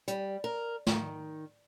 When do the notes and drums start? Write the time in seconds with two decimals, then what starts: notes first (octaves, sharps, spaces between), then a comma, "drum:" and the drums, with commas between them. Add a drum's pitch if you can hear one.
0.08 G3, drum: hi-hat
0.44 A#4
0.87 D#3, drum: snare